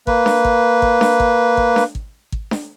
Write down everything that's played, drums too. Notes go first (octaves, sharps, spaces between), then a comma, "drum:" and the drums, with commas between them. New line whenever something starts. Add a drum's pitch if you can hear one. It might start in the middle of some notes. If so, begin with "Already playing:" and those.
A#3 B4, drum: kick
drum: snare D4
drum: kick
drum: kick
drum: snare D4
drum: kick
drum: kick
drum: snare D4
drum: kick
drum: kick
drum: snare D4